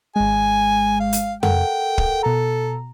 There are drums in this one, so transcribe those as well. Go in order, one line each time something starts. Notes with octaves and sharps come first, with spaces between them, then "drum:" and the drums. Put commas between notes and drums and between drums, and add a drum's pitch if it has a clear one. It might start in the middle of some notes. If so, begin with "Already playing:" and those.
G#1 G#3 G#5
F5
drum: hi-hat
A4 A#4 F#5 G5, drum: tom F2
drum: kick
B2 A4 A#5